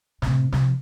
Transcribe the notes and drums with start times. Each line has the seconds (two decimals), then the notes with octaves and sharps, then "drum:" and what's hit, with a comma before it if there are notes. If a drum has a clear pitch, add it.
0.22 A2 C3, drum: snare
0.52 C3 F3, drum: snare